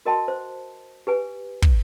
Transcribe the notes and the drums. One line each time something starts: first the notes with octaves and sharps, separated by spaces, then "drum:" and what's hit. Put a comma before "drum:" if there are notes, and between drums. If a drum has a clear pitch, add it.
F#4 A#4 D#5 G5 A5 C6
C5
G4 B4 G#5
drum: kick